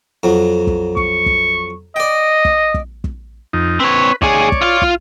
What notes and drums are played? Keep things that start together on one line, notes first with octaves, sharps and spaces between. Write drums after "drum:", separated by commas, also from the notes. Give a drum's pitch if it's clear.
F2 F#3
drum: kick
C#6, drum: kick
drum: kick
D5 D#5 G5
drum: kick
drum: kick
drum: kick
F2 D#4
C4 B4 C#5
D#2 G#4 C#5 D5, drum: kick
drum: kick
F4 F5
drum: kick